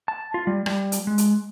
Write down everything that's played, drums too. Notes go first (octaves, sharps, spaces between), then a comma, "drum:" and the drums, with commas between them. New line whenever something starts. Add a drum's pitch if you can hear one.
A5
F4
G3
G3, drum: rim click
drum: hi-hat
G#3
drum: hi-hat